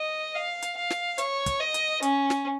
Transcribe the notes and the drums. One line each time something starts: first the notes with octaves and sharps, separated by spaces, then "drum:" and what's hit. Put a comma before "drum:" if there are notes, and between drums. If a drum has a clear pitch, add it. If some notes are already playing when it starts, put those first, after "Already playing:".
Already playing: D#5
F5
drum: hi-hat
F5
drum: snare
C#5, drum: hi-hat
drum: kick, hi-hat
D#5
drum: hi-hat
C#4, drum: hi-hat
drum: snare